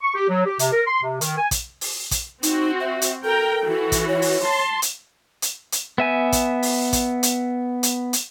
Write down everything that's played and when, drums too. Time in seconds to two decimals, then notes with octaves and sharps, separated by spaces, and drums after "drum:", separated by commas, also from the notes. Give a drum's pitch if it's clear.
0.01 C#6
0.14 G4
0.29 F#3
0.46 G4
0.59 C3, drum: hi-hat
0.72 A#4
0.87 C6
1.03 C3
1.21 D#3, drum: hi-hat
1.38 G#5
1.51 drum: kick, hi-hat
1.81 drum: open hi-hat
2.11 drum: kick, hi-hat
2.43 C4 D#4 F#4, drum: hi-hat
2.80 E5
3.02 drum: hi-hat
3.24 A4 A#4 G5
3.66 E3 F#4
3.92 drum: kick, hi-hat
4.08 C#5
4.22 drum: open hi-hat
4.43 A5 C6
4.82 drum: hi-hat
5.42 drum: hi-hat
5.72 drum: hi-hat
5.98 B3 E5 G#5
6.32 drum: kick, hi-hat
6.63 drum: open hi-hat
6.93 drum: kick, hi-hat
7.23 drum: hi-hat
7.83 drum: hi-hat
8.13 drum: hi-hat